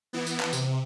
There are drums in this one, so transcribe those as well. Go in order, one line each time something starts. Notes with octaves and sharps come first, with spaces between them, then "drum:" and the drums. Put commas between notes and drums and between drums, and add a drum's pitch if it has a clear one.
E3 B3
drum: tambourine
drum: clap
C3, drum: tambourine